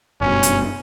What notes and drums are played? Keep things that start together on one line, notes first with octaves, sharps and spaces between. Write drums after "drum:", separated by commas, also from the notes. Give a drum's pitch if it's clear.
F#1 G2 B2 C#4
drum: hi-hat